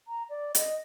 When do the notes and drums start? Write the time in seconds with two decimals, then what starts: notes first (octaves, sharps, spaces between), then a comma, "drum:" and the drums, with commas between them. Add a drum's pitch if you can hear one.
0.08 A#5
0.30 D5
0.55 D#5, drum: hi-hat